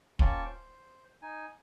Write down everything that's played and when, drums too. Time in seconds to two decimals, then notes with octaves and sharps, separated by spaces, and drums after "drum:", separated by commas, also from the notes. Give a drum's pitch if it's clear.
0.19 A#3 C#4 F4 G5 A5 C#6, drum: kick
0.45 C5
1.22 D#4 G#5